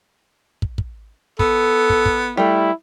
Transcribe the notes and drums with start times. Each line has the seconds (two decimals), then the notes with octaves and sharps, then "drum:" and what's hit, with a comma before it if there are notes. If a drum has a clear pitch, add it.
0.62 drum: kick
0.78 drum: kick
1.39 B3 A4, drum: kick
1.90 drum: kick
2.06 drum: kick
2.37 G3 A3 E4